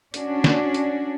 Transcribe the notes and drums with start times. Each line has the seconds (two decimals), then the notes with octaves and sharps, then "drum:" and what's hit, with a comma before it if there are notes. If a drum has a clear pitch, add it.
0.14 C#4 D4 F#4, drum: hi-hat
0.44 drum: snare
0.74 drum: hi-hat